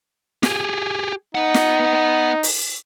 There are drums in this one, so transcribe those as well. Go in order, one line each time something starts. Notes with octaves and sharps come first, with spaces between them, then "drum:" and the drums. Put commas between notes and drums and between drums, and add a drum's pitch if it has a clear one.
G4 G#4, drum: snare
B3 D#4 F#5
drum: snare
drum: open hi-hat